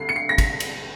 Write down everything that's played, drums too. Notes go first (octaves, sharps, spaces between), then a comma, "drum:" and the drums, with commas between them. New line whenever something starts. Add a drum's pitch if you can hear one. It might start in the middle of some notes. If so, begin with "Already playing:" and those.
Already playing: D2 D3 G3 C7
C#7
C7
A#6
B6, drum: kick, cymbal
drum: cymbal